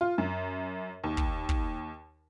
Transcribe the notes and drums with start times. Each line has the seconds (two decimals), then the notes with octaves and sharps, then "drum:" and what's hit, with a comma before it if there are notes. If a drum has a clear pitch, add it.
0.01 F4
0.18 F#2
1.04 D#2
1.17 drum: kick
1.49 drum: kick